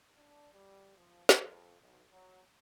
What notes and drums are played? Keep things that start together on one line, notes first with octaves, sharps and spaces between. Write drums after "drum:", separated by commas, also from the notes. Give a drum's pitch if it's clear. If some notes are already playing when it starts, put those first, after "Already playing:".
D4
G3
F3
drum: snare
F2
B1
F#3